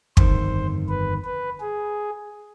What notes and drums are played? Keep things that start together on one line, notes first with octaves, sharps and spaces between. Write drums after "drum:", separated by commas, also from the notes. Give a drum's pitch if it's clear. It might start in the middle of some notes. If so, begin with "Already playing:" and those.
G1 F2 D#3 C5, drum: kick
B4
B4
G#4